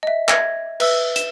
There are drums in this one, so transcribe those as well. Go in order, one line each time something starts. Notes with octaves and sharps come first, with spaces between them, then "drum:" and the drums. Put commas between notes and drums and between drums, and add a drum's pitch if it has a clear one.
D#5 E5
E5 G#6 A#6, drum: clap
B4 E5 E6, drum: cymbal
E7, drum: hi-hat